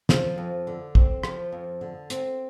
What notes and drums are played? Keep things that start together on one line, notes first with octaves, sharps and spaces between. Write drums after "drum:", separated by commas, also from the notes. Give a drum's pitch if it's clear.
F3, drum: snare
F2
D3
C4, drum: kick
F3, drum: rim click
F2
D3
C4, drum: hi-hat